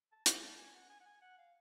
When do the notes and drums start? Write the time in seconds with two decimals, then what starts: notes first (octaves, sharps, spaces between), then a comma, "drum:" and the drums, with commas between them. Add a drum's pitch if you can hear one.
0.12 A5
0.26 G#5, drum: hi-hat
0.42 A5
0.58 G#5
0.75 F#5
0.90 G#5
1.00 F#5
1.06 G#5
1.22 F#5
1.38 F5